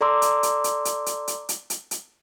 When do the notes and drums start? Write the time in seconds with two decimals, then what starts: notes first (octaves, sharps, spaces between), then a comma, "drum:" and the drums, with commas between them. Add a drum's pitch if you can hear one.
0.01 A4 D5 A#5 C6 D6 E6
0.22 drum: hi-hat
0.43 drum: hi-hat
0.64 drum: hi-hat
0.85 drum: hi-hat
1.06 drum: hi-hat
1.28 drum: hi-hat
1.49 drum: hi-hat
1.70 drum: hi-hat
1.91 drum: hi-hat